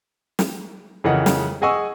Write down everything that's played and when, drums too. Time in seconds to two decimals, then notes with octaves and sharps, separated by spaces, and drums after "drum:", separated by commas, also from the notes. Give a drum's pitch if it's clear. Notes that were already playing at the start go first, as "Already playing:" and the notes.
0.39 drum: snare
1.04 F2 C#3 E3 A#4 D#5 F#5
1.26 drum: snare
1.62 G#4 D#5 F#5 G#5 C#6 E6